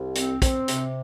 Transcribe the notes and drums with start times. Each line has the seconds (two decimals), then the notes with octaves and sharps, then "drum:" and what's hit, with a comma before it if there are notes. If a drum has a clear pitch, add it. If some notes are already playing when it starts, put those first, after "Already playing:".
Already playing: C2
0.15 C4, drum: hi-hat
0.42 C4, drum: kick, hi-hat
0.68 C3, drum: hi-hat